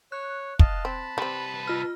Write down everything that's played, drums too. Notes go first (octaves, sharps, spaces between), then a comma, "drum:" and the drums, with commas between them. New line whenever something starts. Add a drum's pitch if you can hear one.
C#5 F#6
D#5 F5 A5, drum: kick
C4 A5 B5
C2 G3 C4 B4
F4 F6